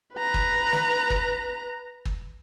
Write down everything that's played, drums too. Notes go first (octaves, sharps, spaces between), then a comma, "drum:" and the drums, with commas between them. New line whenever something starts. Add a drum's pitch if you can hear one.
B4 A#5
drum: kick
drum: snare
drum: kick
drum: kick